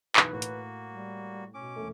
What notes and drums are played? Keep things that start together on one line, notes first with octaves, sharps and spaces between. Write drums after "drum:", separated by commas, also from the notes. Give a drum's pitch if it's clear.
B1 E3 B4, drum: clap
A2 A#3 F#4
drum: hi-hat
G3
B2 C#4 D6
E1 A3